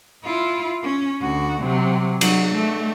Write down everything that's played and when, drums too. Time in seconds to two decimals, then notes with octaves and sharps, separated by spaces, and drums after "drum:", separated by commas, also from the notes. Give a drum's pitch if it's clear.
0.24 E4 F4
0.83 C#4
1.21 D2 F#4
1.62 C3 F#3
2.21 F#3, drum: cymbal
2.55 A3